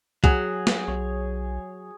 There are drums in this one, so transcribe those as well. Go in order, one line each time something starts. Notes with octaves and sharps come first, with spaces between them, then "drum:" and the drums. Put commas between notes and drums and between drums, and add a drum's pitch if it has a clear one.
F#3 G#4, drum: kick C2
drum: snare
B1 C#5